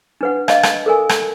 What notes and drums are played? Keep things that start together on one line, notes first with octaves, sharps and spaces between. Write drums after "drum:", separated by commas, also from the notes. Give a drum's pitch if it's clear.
D4 B4 F#5
D#5 F5, drum: rim click
drum: rim click
A4 A#4 G#5
drum: rim click